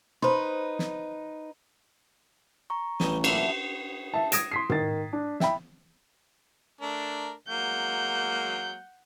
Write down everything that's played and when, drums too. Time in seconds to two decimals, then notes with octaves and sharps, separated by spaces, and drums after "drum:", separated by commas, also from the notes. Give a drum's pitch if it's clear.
0.22 D#4 B4 C5 B5 C6
0.79 drum: snare
2.70 A#5 C#6
3.00 A1 E3 G3 D#4, drum: snare
3.24 B1 D3 E3 F3 A#3 E5, drum: cymbal
4.14 E5 A5
4.32 D#6 G#6 A#6 D7 E7, drum: hi-hat
4.52 C6 B6 C7
4.70 D#3 A6, drum: tom
5.13 D4
5.40 E5 G5 B5, drum: snare
6.81 A3 D4 A#4
7.49 F#3 G#3 A#3 F#5 G6